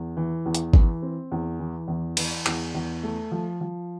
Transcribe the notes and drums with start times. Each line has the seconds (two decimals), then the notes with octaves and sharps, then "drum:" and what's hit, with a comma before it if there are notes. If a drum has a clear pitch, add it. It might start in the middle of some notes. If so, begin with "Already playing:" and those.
Already playing: E2
0.17 E3
0.46 E2
0.55 drum: hi-hat
0.74 E3, drum: kick G#1
1.02 C4
1.32 E2
1.60 E3
1.88 E2
2.17 E3, drum: cymbal
2.46 E2, drum: clap
2.75 E2
3.03 A3
3.31 F3
3.61 F3